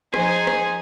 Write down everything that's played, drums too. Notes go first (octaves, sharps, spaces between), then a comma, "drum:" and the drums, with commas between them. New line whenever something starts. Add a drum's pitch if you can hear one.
F3 D#4 G#4 C5 G#5, drum: rim click
drum: rim click